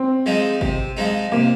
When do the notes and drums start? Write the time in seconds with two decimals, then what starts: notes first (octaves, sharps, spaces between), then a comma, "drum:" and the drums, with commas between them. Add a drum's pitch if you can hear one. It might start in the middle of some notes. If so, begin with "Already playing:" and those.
Already playing: C4
0.26 F3 G#3 D#4
0.61 C3, drum: kick G#1
0.97 F3 G#3 D#4
1.32 C3 A#3